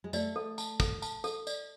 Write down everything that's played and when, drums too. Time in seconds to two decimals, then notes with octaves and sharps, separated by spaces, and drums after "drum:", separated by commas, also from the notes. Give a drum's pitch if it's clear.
0.04 G#3
0.13 A3 D5, drum: tambourine
0.36 A4
0.58 A5, drum: tambourine
0.80 A4, drum: kick, tambourine
1.02 A5, drum: tambourine
1.24 A4, drum: tambourine
1.47 D5, drum: tambourine